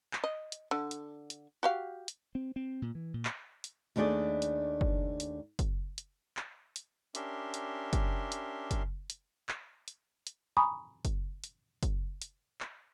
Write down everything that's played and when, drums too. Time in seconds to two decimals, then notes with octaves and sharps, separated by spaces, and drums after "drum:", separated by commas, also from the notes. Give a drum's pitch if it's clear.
0.13 drum: clap
0.24 D#5
0.52 drum: hi-hat
0.71 D3
0.91 drum: hi-hat
1.30 drum: hi-hat
1.63 F#4 G4 F5
2.08 drum: hi-hat
2.35 C4
2.56 C4
2.82 A#2
2.95 E3
3.14 A#2
3.25 drum: clap
3.64 drum: hi-hat
3.96 D#2 A3 D4 G#4 D5 D#5
4.42 drum: hi-hat
4.81 drum: kick F#1
5.20 drum: hi-hat
5.59 drum: kick F#1, hi-hat
5.98 drum: hi-hat
6.37 drum: clap
6.76 drum: hi-hat
7.15 C#4 D4 G4 A#4 E5 C6, drum: hi-hat
7.54 drum: hi-hat
7.93 drum: kick F#1, hi-hat
8.32 drum: hi-hat
8.71 drum: kick F#1, hi-hat
9.10 drum: hi-hat
9.49 drum: clap
9.88 drum: hi-hat
10.27 drum: hi-hat
10.57 G#5 A#5 B5 C#6 D#6
11.05 drum: kick F#1, hi-hat
11.44 drum: hi-hat
11.83 drum: kick F#1, hi-hat
12.22 drum: hi-hat
12.61 drum: clap